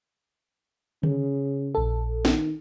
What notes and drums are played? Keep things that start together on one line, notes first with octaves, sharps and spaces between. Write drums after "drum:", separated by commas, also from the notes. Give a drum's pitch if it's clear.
C#3, drum: tom D3
A#1 A4
D#3, drum: snare